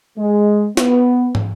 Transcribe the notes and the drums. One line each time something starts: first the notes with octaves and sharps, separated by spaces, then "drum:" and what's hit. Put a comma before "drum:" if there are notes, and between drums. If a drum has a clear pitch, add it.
G#3
B3, drum: snare
drum: tom